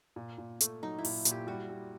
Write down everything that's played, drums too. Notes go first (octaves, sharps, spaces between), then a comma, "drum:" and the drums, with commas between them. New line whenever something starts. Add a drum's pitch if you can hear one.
A#2
A#2
A3, drum: hi-hat
F#3 D#4
E4
A#2, drum: open hi-hat
A#2, drum: hi-hat
G4
G3 F#4
G3